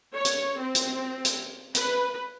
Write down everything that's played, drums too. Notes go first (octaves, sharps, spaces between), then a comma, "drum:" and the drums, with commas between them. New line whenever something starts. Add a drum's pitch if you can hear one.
C#5
drum: hi-hat
C4
drum: hi-hat
drum: hi-hat
B4, drum: hi-hat